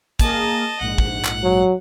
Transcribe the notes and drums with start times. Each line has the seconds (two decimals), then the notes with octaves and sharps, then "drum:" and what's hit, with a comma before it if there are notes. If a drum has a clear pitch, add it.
0.19 A#3 G#4 A#4 D#5 A5, drum: kick, hi-hat
0.80 A#1 G#2 F#5
0.98 drum: kick
1.25 drum: clap
1.44 F#3